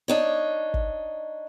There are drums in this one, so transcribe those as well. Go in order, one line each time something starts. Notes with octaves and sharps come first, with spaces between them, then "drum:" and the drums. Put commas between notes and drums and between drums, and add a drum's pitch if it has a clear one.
D4 D#4 C#5
drum: kick